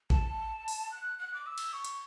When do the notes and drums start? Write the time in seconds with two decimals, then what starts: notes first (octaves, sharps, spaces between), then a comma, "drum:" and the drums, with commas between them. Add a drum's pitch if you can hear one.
0.10 A5, drum: kick A1
0.68 drum: open hi-hat
0.92 F#6
1.19 F#6
1.34 D6
1.46 E6
1.58 drum: cymbal
1.73 C#6
1.85 drum: hi-hat